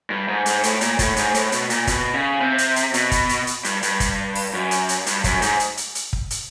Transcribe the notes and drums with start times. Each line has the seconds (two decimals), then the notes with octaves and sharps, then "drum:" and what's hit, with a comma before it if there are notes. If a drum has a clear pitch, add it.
0.10 G2
0.28 G#2
0.46 G#2, drum: hi-hat
0.63 A2, drum: hi-hat
0.81 A#2, drum: hi-hat
0.99 A2, drum: kick, hi-hat
1.16 G#2, drum: hi-hat
1.34 A2, drum: hi-hat
1.52 B2, drum: hi-hat
1.70 A#2, drum: hi-hat
1.87 B2, drum: kick, hi-hat
2.14 C#3
2.41 C3
2.58 drum: hi-hat
2.76 drum: hi-hat
2.94 B2, drum: hi-hat
3.11 drum: kick, hi-hat
3.29 drum: hi-hat
3.47 drum: hi-hat
3.64 G2, drum: hi-hat
3.83 G2, drum: hi-hat
4.00 drum: kick, hi-hat
4.36 drum: open hi-hat
4.53 F#2
4.71 drum: hi-hat
4.89 drum: hi-hat
5.06 G2, drum: hi-hat
5.24 F#2, drum: kick, hi-hat
5.42 G#2, drum: hi-hat
5.60 drum: hi-hat
5.77 drum: hi-hat
5.95 drum: hi-hat
6.13 drum: kick
6.30 drum: hi-hat